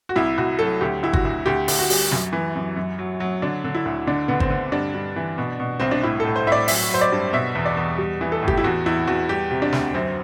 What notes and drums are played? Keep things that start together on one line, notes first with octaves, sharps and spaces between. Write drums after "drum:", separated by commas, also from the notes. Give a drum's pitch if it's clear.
F#4
C2 E4
C2 F#4
F#3 A4
D2 G4
D2 E4
F#4, drum: kick G1
D2
D2 G4
D2, drum: open hi-hat
F#4
G3, drum: open hi-hat
F#2, drum: snare
E3
F#2
F#2
F#3
F#3
D3 D4
D3
E4
D2
D3 D4
D3 B3
C4, drum: kick G1
D3
G2 D4
G2
E3
B2
B2
C2 C4
D4
A2 E4
A2 A4
C5
A2 E5
D5
F#3 E5, drum: open hi-hat
F#3 C5
D5
G2
B2 E5
E2
D5
E2
G3
E3
A4
A2
G4, drum: kick G1
E4
E2 F#4
E2 E4
E2 F#4
G3 G4
C3
D4
D2, drum: snare
F#2 C4